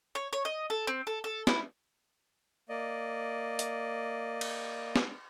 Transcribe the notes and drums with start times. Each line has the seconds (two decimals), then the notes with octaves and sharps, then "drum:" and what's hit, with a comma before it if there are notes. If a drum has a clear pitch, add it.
0.15 C#5
0.33 C#5
0.45 D#5
0.70 A4
0.87 C4
1.07 A4
1.24 A4
1.47 E4, drum: snare
2.69 A#3 D5 D#5
3.59 drum: hi-hat
4.41 drum: cymbal
4.96 drum: snare